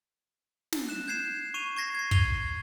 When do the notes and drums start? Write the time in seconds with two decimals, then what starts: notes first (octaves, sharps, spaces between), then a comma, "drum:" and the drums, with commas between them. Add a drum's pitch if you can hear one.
0.72 drum: snare
0.89 F#6 E7
1.07 G6 G#6 C7 E7
1.54 C#6 D#7 F7
1.76 C#6 G#6 A#6 C7
1.95 G#6 C7
2.11 G#6 D#7 F7 G7, drum: kick